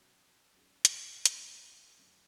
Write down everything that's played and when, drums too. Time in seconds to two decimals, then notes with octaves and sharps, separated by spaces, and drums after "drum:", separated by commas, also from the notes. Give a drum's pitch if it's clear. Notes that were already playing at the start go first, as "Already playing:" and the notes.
Already playing: B2 F#3 C#4 F#4
0.54 G#2 F#3 C#4 G#4
0.85 drum: hi-hat
1.26 G#2 G#3 C#4, drum: hi-hat
1.96 F#2 D3 F#3 A3